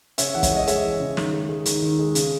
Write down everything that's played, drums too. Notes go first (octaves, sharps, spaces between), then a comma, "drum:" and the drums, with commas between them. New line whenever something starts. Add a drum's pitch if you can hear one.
C#3 C#5 E5, drum: hi-hat
E3 F#5
C#5 E5, drum: kick, hi-hat
G#3
D#5
G#3 C#5 E5, drum: hi-hat
E3
C#3
D#3, drum: snare
G#3
G#3
D#3, drum: hi-hat
D#3
G#3
C#3, drum: hi-hat